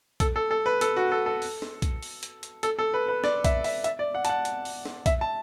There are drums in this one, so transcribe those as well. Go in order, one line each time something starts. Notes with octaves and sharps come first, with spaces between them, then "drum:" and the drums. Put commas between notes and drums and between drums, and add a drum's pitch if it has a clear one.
A4, drum: kick B1, hi-hat
A4
A4
B4
A4, drum: hi-hat
F#4
A4
A4
drum: open hi-hat
drum: snare
drum: kick B1, hi-hat
drum: open hi-hat
drum: hi-hat
drum: hi-hat
A4, drum: hi-hat
A4
B4
B4
D5, drum: snare
E5, drum: kick B1, hi-hat
E5, drum: open hi-hat
E5, drum: hi-hat
D5
F#5
A5, drum: hi-hat
F#5
drum: hi-hat
drum: open hi-hat
drum: snare
E5, drum: kick B1, hi-hat
A5